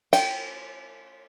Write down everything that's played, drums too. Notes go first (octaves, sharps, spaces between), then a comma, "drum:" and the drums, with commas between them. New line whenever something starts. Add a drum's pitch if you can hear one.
G5, drum: cymbal